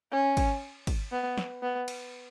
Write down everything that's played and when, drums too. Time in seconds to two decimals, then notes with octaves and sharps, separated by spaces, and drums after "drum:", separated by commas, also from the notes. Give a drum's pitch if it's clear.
0.12 C#4
0.37 drum: kick, cymbal
0.87 drum: kick, cymbal
1.12 B3
1.38 drum: snare
1.62 B3
1.88 drum: cymbal